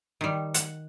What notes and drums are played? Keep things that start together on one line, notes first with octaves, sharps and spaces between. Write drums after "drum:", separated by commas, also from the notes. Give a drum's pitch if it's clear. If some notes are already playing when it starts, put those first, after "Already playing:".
D#3 G3
F#5, drum: hi-hat